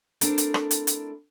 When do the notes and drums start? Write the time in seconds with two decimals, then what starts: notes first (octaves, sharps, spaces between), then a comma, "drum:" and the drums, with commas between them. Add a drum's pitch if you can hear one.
0.21 A3 C4 D4 E4 A4 A#4, drum: hi-hat
0.38 drum: hi-hat
0.54 drum: rim click
0.71 drum: hi-hat
0.87 drum: hi-hat